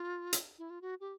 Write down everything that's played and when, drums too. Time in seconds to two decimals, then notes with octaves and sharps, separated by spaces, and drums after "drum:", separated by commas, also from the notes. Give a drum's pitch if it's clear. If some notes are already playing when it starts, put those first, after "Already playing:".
Already playing: F4
0.33 drum: hi-hat
0.58 E4
0.70 F4
0.81 F#4
1.00 G4